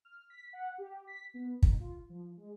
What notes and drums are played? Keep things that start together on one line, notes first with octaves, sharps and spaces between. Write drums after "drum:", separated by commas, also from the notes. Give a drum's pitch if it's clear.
F6
B6
F#5
G4
B6
B3
D#3, drum: kick
F4
F3
G#3